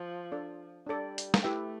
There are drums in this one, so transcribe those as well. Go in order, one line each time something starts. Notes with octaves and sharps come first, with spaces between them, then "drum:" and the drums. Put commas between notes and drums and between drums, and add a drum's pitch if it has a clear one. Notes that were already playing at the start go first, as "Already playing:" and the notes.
Already playing: F3
D4 A4 D5
G3 D4 A4 D5
drum: hi-hat
drum: snare
A3 E4 G4 B4 E5 G5